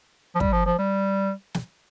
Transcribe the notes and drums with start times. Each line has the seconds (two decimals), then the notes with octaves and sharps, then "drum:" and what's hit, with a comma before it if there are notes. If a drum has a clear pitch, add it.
0.35 F3
0.40 G3, drum: kick
0.52 F3
0.66 F3
0.78 G3
1.54 drum: snare